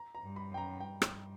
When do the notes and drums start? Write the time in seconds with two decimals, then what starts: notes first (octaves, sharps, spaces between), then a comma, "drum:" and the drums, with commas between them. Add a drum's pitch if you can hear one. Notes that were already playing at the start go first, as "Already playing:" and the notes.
Already playing: A#5
0.15 A#5
0.22 G2
0.36 B5
0.51 F#2 G5
0.58 A#5
0.79 G2 G5
1.02 drum: rim click